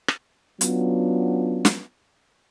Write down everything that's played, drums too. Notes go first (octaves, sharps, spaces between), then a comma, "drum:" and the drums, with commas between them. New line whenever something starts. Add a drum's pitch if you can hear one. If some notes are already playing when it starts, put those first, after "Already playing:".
drum: rim click
F#3 B3 C#4 D4 F4, drum: hi-hat
drum: snare